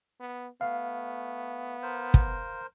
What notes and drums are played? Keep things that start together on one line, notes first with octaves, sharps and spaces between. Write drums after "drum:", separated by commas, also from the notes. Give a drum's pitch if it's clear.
B3
A3 B3 F5
A#4 C5
drum: kick